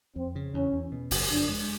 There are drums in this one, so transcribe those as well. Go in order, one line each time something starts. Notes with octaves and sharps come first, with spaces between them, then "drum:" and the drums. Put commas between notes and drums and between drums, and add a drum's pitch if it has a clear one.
F2 C4
C#3
E2 C#4
E2
B2
F#1, drum: open hi-hat
F2 D4
G#3